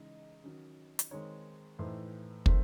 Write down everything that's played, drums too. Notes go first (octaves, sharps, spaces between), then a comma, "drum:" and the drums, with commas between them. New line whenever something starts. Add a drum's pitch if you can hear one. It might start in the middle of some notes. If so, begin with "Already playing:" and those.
Already playing: C#3 E3 G#3 D#4 D#5
D#3 F#3 C#4
drum: hi-hat
D#3 G#3 C4 D#4 C#5
A2 E3 A3 D#4 C5
D#3 A3 C4 C5, drum: kick